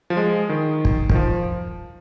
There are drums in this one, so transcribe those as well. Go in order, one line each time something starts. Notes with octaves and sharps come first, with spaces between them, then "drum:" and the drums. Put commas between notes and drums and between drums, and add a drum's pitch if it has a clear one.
F3
G#3
D#3
drum: kick
D#3, drum: kick
F3